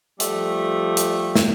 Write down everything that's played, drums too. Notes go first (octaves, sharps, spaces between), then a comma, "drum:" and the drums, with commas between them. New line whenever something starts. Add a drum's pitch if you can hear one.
F3 G3 A3, drum: hi-hat
drum: hi-hat
drum: snare